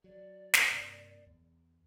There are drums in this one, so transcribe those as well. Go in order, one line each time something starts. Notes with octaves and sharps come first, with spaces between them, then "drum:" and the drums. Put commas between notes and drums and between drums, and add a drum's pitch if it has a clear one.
F#3 D5
drum: snare
G2 C3 A#3
E2